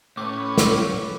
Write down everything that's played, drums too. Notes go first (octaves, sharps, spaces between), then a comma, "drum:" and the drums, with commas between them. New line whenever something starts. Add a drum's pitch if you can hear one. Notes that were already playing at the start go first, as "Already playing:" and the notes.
A2 C#4 B4 C#5 D6
drum: snare